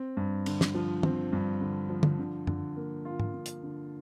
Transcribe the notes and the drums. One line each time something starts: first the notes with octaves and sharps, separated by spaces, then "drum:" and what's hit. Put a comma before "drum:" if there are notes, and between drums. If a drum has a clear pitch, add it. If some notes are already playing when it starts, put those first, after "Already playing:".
Already playing: C4
G2
D3, drum: cymbal
drum: snare
F3
C4, drum: tom
G2
D3
F3
drum: tom D3
D3
D3, drum: tom F#2
A#3
F4
drum: tom
D3
drum: hi-hat
D3